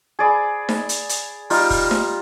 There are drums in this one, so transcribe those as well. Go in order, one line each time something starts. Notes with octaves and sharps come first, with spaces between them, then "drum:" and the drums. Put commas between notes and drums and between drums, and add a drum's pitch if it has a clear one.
G#4 D5 B5
drum: snare D#4
drum: hi-hat
drum: hi-hat
G3 D#4 F4, drum: open hi-hat
drum: kick, open hi-hat
drum: snare D#4